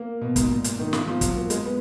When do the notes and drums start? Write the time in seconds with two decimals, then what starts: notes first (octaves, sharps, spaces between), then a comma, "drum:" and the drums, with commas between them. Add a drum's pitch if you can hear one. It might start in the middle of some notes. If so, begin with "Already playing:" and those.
Already playing: A#3
0.21 B2
0.36 G#2, drum: kick, hi-hat
0.50 A#2
0.64 drum: hi-hat
0.79 D#3
0.93 F3, drum: snare
1.07 F3
1.21 F#3, drum: kick, hi-hat
1.36 A#3
1.50 G#3, drum: hi-hat
1.65 B3